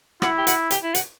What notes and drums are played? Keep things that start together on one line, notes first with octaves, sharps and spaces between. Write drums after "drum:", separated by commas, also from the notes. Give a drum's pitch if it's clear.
E4 F#4, drum: rim click
G4
F#4, drum: hi-hat
G4, drum: hi-hat
E4
F#4, drum: hi-hat